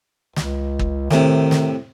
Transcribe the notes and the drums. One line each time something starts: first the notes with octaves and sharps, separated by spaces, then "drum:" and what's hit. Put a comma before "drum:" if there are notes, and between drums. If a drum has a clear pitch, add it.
C#2, drum: snare
drum: kick
A2 C3 D#3, drum: snare
drum: snare